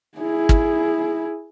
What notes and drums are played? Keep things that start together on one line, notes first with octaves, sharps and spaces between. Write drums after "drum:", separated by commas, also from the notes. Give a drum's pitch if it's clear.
E4 G#4
drum: kick